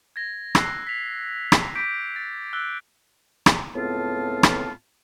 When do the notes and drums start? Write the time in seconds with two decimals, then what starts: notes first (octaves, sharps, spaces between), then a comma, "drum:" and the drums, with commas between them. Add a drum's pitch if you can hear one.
0.16 G#6 A#6
0.55 E6 F#6 C7, drum: rim click
0.87 B6 F7
1.52 drum: rim click
1.75 C#6 D6 G6 B6 D7
2.16 A6 B6
2.53 E6 F#6 G7
3.46 drum: rim click
3.75 C#2 A2 B3 C4 F4 A5
4.43 drum: rim click